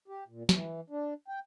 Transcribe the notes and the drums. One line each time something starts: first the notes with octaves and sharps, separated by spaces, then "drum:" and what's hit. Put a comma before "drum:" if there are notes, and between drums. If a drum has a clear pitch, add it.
G4
A#2
E3, drum: snare
D4
G5